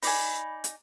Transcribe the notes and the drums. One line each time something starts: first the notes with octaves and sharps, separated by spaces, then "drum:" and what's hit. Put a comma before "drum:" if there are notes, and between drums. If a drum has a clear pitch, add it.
D#4 D5 G#5 B5, drum: open hi-hat
drum: hi-hat